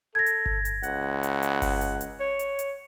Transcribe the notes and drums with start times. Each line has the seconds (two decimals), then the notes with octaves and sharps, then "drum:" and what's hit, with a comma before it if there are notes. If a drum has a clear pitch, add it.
0.15 A4 G#6 A#6
0.26 drum: hi-hat
0.46 drum: kick G1
0.65 drum: hi-hat
0.83 C#2 F#5, drum: hi-hat
1.23 drum: hi-hat
1.42 drum: hi-hat
1.62 drum: kick G1, open hi-hat
1.81 drum: hi-hat
2.01 drum: hi-hat
2.20 C#5
2.39 drum: hi-hat
2.59 drum: hi-hat